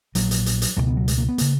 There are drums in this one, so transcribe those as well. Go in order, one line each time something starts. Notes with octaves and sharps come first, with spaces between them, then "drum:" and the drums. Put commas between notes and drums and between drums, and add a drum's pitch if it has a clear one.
A#1 A#2 F#3, drum: hi-hat
drum: hi-hat
drum: hi-hat
drum: hi-hat
C#2 B2 F#3
A#3
B3
F#3
G#3, drum: hi-hat
A#3
B3
C#3 A#3, drum: hi-hat